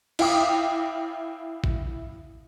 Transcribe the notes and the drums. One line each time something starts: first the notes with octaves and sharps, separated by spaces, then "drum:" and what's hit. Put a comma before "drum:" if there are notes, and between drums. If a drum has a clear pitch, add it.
E4 F5 G5 D6 D#6, drum: cymbal
drum: kick